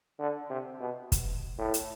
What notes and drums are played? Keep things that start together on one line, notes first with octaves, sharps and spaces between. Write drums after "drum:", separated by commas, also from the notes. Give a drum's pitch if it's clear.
D3
C3
B2
drum: kick, hi-hat
A2
drum: hi-hat